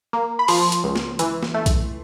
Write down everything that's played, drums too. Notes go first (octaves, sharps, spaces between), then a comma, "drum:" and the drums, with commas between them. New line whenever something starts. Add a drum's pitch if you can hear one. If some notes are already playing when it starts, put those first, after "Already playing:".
A#3
B5
F3 C6, drum: open hi-hat
drum: hi-hat
C#2
drum: snare
E3, drum: hi-hat
drum: snare
A3
drum: kick B1, hi-hat